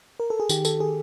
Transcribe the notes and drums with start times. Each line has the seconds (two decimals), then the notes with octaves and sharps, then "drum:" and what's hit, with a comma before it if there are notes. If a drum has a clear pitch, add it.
0.20 A#4
0.30 A4
0.40 G#4
0.49 D#3 G4, drum: tambourine
0.65 A4, drum: tambourine
0.80 G#4